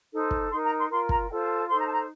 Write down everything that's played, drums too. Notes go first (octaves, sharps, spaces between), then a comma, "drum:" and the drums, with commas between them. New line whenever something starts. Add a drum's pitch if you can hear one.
D#4 A4 C5
drum: kick
D#4 A#4 C6
A#5
C6
F4 A#4 C6
A#5, drum: kick
F4 A4 C5 G5
A5
A5
D#4 A4 C5 C6
A#5
A5
A#5